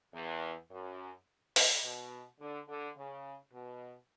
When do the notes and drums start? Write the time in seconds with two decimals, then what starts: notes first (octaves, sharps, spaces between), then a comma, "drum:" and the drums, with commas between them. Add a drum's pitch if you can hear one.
0.14 E2
0.70 F#2
1.56 drum: open hi-hat
1.83 B2
2.40 D3
2.68 D3
2.96 C#3
3.52 B2